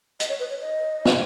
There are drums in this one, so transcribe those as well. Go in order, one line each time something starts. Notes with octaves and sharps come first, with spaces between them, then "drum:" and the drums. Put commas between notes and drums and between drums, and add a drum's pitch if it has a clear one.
D#5, drum: hi-hat
C#5
B4
C#5
D#5
drum: snare